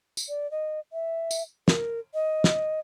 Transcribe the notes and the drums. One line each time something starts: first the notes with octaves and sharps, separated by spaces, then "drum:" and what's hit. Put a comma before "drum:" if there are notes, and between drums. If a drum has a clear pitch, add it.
drum: tambourine
D5
D#5
E5
drum: tambourine
A#4, drum: snare
D#5
drum: snare